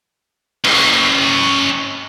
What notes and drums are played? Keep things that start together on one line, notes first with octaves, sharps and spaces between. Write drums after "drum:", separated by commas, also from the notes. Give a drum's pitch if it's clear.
C#4 G5, drum: cymbal